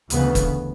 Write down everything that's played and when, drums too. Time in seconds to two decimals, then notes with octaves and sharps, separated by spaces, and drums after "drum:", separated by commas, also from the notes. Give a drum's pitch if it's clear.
0.10 D2 C#3 E3 B3, drum: hi-hat
0.35 drum: kick, hi-hat